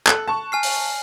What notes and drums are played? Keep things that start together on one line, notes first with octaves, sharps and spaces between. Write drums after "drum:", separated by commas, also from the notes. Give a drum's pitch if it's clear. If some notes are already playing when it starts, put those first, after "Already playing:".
A4 F#6, drum: clap
A5 C#6
G#5 F6 C7
drum: open hi-hat